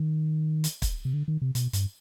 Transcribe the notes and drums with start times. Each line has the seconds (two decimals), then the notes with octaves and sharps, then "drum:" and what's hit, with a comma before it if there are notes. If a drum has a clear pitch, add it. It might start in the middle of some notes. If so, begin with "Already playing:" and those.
Already playing: D#3
0.64 drum: hi-hat
0.82 drum: kick, hi-hat
1.05 C3
1.13 D3
1.28 D#3
1.42 C3
1.55 B2, drum: hi-hat
1.73 G2, drum: hi-hat